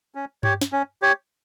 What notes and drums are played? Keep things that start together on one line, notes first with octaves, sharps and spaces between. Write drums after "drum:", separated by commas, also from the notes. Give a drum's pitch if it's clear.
C#4
G4 C#5, drum: tom G2
drum: snare
C#4
G4 C#5